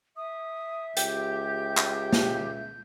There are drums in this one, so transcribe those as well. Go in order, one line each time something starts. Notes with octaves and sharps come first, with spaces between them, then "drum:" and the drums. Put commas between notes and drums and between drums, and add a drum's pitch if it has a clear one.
E5 D#6
C#2 G4 G6, drum: hi-hat
drum: clap
drum: snare